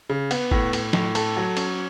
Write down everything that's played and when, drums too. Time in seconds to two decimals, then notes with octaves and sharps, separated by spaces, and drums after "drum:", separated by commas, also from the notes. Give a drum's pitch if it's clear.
0.09 C#3
0.31 B3, drum: cymbal
0.51 A2, drum: kick
0.73 A2, drum: cymbal
0.93 A2, drum: snare
1.15 A4, drum: cymbal
1.37 F#3
1.57 C#4, drum: cymbal